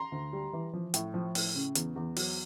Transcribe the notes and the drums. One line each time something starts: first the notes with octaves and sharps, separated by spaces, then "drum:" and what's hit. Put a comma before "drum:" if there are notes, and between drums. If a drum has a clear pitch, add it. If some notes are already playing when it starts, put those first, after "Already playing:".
Already playing: A#5 C6
D2
G3
E3
F3
A2, drum: hi-hat
F3
A2, drum: open hi-hat
C#3
E2, drum: hi-hat
E2
F#3, drum: open hi-hat